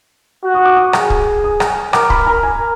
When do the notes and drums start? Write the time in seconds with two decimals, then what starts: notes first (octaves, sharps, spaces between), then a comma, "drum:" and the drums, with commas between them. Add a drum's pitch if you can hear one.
0.43 F#4
0.54 D#6
0.65 D6
0.76 D#6
0.93 G#4, drum: rim click
1.10 drum: kick
1.44 D#6
1.60 drum: rim click
1.93 A#4 D6, drum: rim click
2.10 B5, drum: kick
2.27 A#5
2.43 A#4 G#5